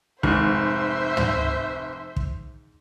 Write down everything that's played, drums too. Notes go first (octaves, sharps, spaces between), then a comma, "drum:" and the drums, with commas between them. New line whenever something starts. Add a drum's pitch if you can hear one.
F1 G#2 C5 E5, drum: kick
drum: tom
drum: kick